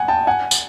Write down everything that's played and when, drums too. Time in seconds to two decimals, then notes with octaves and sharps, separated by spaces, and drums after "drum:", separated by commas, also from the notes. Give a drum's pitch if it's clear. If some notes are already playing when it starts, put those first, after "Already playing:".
Already playing: F#5 G#5
0.08 G5 A5
0.27 F#5 G#5
0.51 drum: tambourine